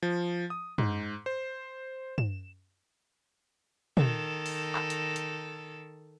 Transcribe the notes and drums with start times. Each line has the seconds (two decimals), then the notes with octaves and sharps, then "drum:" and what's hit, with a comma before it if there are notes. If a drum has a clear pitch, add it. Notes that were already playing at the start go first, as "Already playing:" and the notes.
0.03 F3
0.50 D#6
0.78 G#2, drum: tom
1.26 C5
2.18 E7, drum: tom
3.97 D#3 A4, drum: tom
4.46 drum: open hi-hat
4.75 drum: clap
4.90 drum: hi-hat
5.16 drum: hi-hat